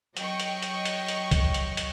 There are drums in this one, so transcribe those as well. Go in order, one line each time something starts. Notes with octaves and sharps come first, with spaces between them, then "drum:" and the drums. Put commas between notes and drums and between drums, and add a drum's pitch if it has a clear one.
F#3 D#5 G5 C#6, drum: hi-hat
drum: hi-hat
drum: hi-hat
drum: hi-hat
drum: hi-hat
drum: kick C2, hi-hat
drum: hi-hat
drum: hi-hat